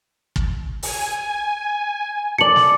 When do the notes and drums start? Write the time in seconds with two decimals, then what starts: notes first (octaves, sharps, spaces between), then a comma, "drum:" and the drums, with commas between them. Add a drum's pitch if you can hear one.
0.36 drum: kick
0.83 G#5, drum: open hi-hat
2.38 A4 D5 C#7 F#7
2.56 drum: snare